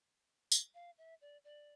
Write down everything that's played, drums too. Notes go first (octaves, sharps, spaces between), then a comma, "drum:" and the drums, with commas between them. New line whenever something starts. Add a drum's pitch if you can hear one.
drum: tambourine
F5
E5
D5
D5